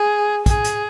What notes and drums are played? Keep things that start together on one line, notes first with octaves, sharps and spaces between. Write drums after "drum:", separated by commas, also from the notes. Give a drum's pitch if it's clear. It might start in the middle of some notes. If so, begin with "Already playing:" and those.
Already playing: G#4
G#4, drum: kick, hi-hat
drum: hi-hat